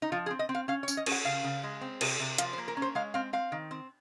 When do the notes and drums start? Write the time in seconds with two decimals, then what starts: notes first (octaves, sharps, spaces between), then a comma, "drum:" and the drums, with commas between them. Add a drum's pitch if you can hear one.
0.02 D#4
0.12 F3 F4
0.26 G#4
0.31 C4
0.39 D#5
0.49 C4
0.55 F5
0.68 C#4 F5
0.83 C#5
0.88 C#4, drum: tambourine
0.97 D#5
1.06 C#4, drum: cymbal
1.12 F#5
1.25 C#3 F5
1.44 C#3
1.63 G#3
1.81 C4
2.01 C3, drum: cymbal
2.20 C3
2.38 F3 F5, drum: hi-hat
2.53 C5
2.58 A#3
2.68 A#4
2.77 C#4
2.82 C5
2.95 G#3 F5
3.14 C4 F5
3.33 C4 F5
3.52 D#3
3.71 C4